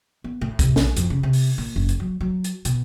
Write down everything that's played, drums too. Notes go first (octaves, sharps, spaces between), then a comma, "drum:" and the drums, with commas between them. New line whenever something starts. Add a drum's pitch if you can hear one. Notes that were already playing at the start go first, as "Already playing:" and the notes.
B3
A2
C3, drum: kick C2, hi-hat
A#1, drum: snare
F2, drum: hi-hat
C#3
C3
drum: open hi-hat
A#2
F#1
drum: hi-hat
F#3
F#3
drum: hi-hat
B2, drum: hi-hat